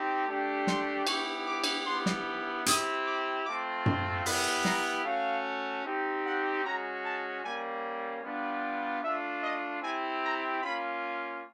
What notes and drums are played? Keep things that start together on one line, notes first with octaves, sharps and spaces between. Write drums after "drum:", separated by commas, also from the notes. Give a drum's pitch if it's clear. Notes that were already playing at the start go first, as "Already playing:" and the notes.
Already playing: C4 D#4 G4
A3 D4 G4
C6, drum: snare
B3 E4 G4 C#6, drum: cymbal
D6
drum: cymbal
B3 E4 G4 C6
drum: snare
C4 E4 G4 D#6, drum: hi-hat
D6
A3 C4 F4 D6
C6, drum: tom F#2
B3 E4 G4 B5, drum: open hi-hat
A#5, drum: snare
A3 C#4 F#4 F5
C4 D#4 G4
F#5
G#3 C#4 F#4 A#5
A5
G3 A#3 C#4 G#5
G3 B3 D4 F4
A3 D4 F4 E5
D#5
C4 E4 G4 G#5
A#5
A#3 C#4 F4 B5